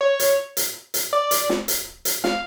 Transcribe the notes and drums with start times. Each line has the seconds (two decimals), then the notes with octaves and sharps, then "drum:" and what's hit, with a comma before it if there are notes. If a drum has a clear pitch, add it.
0.01 C#5
0.20 drum: hi-hat
0.57 drum: hi-hat
0.94 drum: hi-hat
1.13 D5
1.31 drum: hi-hat
1.49 drum: snare
1.68 drum: hi-hat
2.05 drum: hi-hat
2.24 F5, drum: snare